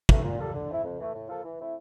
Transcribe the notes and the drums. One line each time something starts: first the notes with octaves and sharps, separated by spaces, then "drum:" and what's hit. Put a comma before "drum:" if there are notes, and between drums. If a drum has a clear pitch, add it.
E3 A3, drum: kick
A#2
G3 A#3 F4 A4
D3
A3 C4 E4
F2
E3 A3
A2
F3 A#3 F4 A4
E3
A3 C4 E4